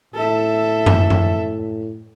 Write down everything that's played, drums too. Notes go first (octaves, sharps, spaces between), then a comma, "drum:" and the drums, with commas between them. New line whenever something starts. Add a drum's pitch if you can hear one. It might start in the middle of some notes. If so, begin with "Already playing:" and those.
A2 A4 E5
drum: tom F#2
drum: tom F#2